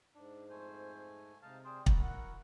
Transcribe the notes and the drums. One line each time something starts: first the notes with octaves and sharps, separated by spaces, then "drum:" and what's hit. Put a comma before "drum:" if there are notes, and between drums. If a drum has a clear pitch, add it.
G#2 D4
F2 A3 C5 G#5
C3 G#3 D#4 F5 A5
G#4 C5 D5 G5
E4 F#4 A#4, drum: kick
F#5